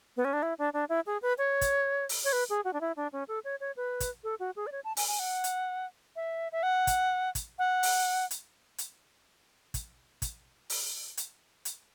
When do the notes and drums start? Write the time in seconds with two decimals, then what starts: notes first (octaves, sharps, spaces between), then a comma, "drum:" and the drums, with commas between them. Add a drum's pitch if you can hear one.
0.17 B3
0.25 C#4
0.33 D4
0.43 E4
0.58 D4
0.73 D4
0.89 E4
1.06 G#4
1.22 B4
1.38 C#5
1.61 drum: kick, hi-hat
2.09 drum: open hi-hat
2.24 C#5
2.33 B4
2.50 G#4
2.64 F#4
2.73 D4
2.81 E4
2.96 D4
3.12 C#4
3.28 A4
3.44 C#5
3.60 C#5
3.77 B4
4.00 drum: kick, hi-hat
4.24 A4
4.40 F#4
4.56 G#4
4.67 D5
4.72 C#5
4.84 A5
4.97 G#5, drum: open hi-hat
5.08 G#5
5.19 F#5
5.44 drum: hi-hat
6.16 E5
6.52 E5
6.63 F#5
6.87 drum: kick, hi-hat
7.35 drum: kick, hi-hat
7.59 F#5
7.83 drum: open hi-hat
8.31 drum: hi-hat
8.78 drum: hi-hat
9.74 drum: kick, hi-hat
10.22 drum: kick, hi-hat
10.70 drum: open hi-hat
11.17 drum: hi-hat
11.65 drum: hi-hat